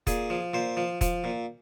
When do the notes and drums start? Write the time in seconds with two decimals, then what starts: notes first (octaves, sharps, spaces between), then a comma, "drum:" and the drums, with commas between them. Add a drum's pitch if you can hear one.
0.07 A#2 G#4, drum: kick, hi-hat
0.30 F3
0.54 A#2 C5
0.77 F3
1.01 F3, drum: kick, hi-hat
1.24 A#2